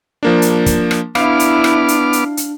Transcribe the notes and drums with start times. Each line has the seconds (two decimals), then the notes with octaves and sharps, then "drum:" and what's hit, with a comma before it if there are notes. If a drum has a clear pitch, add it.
0.23 F3 A#3 D4
0.42 drum: hi-hat
0.66 drum: kick, hi-hat
0.91 drum: rim click
1.15 B3 D4 E4 F5 D6 F6, drum: rim click
1.40 drum: hi-hat
1.64 drum: rim click
1.88 drum: hi-hat
2.13 drum: hi-hat
2.37 drum: hi-hat